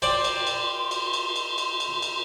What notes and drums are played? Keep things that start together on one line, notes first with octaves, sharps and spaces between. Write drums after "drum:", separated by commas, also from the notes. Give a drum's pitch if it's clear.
C5 D5 G5 C6, drum: cymbal
drum: cymbal
drum: cymbal
drum: cymbal
drum: cymbal
drum: cymbal
drum: cymbal
drum: cymbal
drum: cymbal